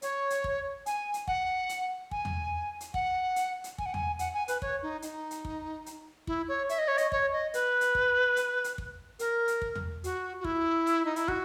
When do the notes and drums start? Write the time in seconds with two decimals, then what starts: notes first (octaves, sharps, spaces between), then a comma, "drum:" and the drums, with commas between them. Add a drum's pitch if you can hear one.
0.02 C#5, drum: hi-hat
0.30 drum: hi-hat
0.44 drum: kick
0.86 G#5, drum: hi-hat
1.14 drum: hi-hat
1.27 F#5, drum: kick
1.69 drum: hi-hat
2.11 G#5, drum: kick
2.25 drum: tom
2.80 drum: hi-hat
2.94 F#5, drum: kick
3.36 drum: hi-hat
3.64 drum: hi-hat
3.78 G#5, drum: kick
3.86 F#5
3.94 G#5, drum: tom
4.19 F#5, drum: hi-hat
4.34 G#5
4.48 B4, drum: hi-hat
4.62 C#5, drum: kick
4.83 D#4
5.02 D#4, drum: hi-hat
5.31 drum: hi-hat
5.45 drum: kick
5.86 drum: hi-hat
6.27 E4, drum: kick
6.48 C#5
6.69 E5, drum: hi-hat
6.78 D#5
6.88 C#5
6.98 D#5, drum: hi-hat
7.12 C#5, drum: kick
7.33 D#5
7.54 B4, drum: hi-hat
7.81 drum: hi-hat
7.95 drum: kick
8.36 drum: hi-hat
8.64 drum: hi-hat
8.78 drum: kick
9.19 A#4, drum: hi-hat
9.48 drum: hi-hat
9.62 drum: kick
9.75 drum: tom
10.04 F#4, drum: hi-hat
10.40 F#4
10.44 E4, drum: kick
10.87 drum: hi-hat
11.05 D#4
11.16 E4, drum: hi-hat
11.28 F#4, drum: kick